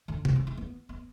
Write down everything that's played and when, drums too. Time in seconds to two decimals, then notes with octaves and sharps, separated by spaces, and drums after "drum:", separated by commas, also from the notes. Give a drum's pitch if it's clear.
0.08 D3
0.25 B3, drum: tom C3
0.36 C4
0.47 C4
0.57 B3
0.89 B3